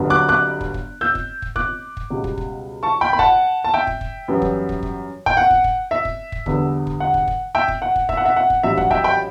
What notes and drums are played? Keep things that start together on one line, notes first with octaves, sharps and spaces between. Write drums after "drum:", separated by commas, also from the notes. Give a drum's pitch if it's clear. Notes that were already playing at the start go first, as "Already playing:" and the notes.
Already playing: G1 G2 D3 F#3 B3
D6 F#6
D6 F#6
drum: kick
drum: kick
E6 G6
drum: kick
drum: kick
D6 F#6, drum: kick
drum: kick
C#2 B2 G3
drum: kick
drum: kick
A5 C#6
G5 B5
B5
F#5 A5, drum: kick
A5
E5 G5
drum: kick
drum: kick
F#2 E3 G3 B3
drum: kick
drum: kick
drum: kick
G5, drum: kick
F#5
drum: kick
drum: kick
E5
drum: kick
drum: kick
E2 D3 G3 B3, drum: kick
drum: kick
F#5
drum: kick
drum: kick
E5 G5
drum: kick
F#5
drum: kick
E5, drum: kick
F#5
E5
F#5
drum: kick
A1 G2 F#3 E5
F#5, drum: kick
E5 G5, drum: kick
G5 B5